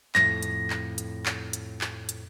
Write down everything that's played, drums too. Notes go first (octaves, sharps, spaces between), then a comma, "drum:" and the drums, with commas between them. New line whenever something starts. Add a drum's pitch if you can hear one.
F2 A2 A#6, drum: clap
drum: hi-hat
drum: clap
drum: hi-hat
drum: clap
drum: hi-hat
drum: clap
drum: hi-hat